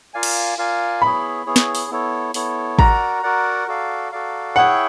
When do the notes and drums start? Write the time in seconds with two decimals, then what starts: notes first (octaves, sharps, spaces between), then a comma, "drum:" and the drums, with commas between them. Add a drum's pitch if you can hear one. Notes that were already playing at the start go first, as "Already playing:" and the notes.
0.14 F4 A#4 D5 F5 G#5
0.23 drum: cymbal
0.58 F4 A#4 D5 F5 G#5
1.02 B3 E4 G#4 C#5 B5
1.46 B3 E4 G#4 C#5
1.56 drum: snare
1.75 drum: open hi-hat
1.91 B3 E4 A4 C#5
2.34 B3 E4 A4 C#5, drum: open hi-hat
2.79 F#4 A#4 D5 F#5 A#5, drum: kick
3.23 F#4 A#4 D5 F#5
3.67 F#4 A4 D5 F5
4.12 F#4 A4 D5 F5
4.56 E4 G#4 C#5 E5 F#5 G5